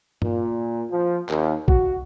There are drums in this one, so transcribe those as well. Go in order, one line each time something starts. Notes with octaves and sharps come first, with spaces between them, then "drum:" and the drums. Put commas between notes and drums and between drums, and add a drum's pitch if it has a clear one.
A#2, drum: tom
F3
D#2, drum: clap
F#4, drum: kick A#1